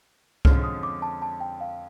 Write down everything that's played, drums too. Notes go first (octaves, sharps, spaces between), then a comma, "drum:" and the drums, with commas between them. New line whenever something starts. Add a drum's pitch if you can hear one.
F2 D3 F3 G#3 C#4 F6, drum: kick C2
D#6
D6
A5
A5
G5
F5